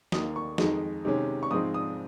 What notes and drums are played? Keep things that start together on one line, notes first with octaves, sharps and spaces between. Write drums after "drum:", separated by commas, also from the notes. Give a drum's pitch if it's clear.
D#2 D#3 A#3 D#6, drum: snare
C#6
F2 D#3 G#3 D#4, drum: snare
C3 D#3 G#3 C#4
C#6
G#2 F3 G#3 C4 D#4 D#6
D#6